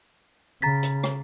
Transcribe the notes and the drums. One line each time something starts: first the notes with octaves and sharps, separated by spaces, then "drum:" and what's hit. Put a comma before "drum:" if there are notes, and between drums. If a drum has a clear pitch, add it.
C#3 A#5 A6 B6
drum: hi-hat
drum: rim click